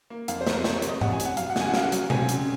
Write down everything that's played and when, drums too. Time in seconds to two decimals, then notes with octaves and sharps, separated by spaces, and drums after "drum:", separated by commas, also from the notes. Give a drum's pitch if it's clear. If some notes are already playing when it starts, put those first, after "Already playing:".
0.10 A#3
0.28 F2 F5, drum: hi-hat
0.41 C5
0.47 F2, drum: snare
0.52 A#4
0.64 C3 C5, drum: snare
0.77 C#5
0.82 C3, drum: hi-hat
0.89 D#5
1.01 C3 F#5, drum: tom G#2
1.13 G#5
1.20 C3, drum: hi-hat
1.25 F#5
1.37 F#3 F5, drum: hi-hat
1.50 F#5
1.56 C#3, drum: snare
1.61 G#5
1.68 F#5
1.74 F#3 F5, drum: snare
1.83 F#5
1.92 F#3, drum: hi-hat
2.10 C4 G#5, drum: tom B2
2.29 C#3, drum: hi-hat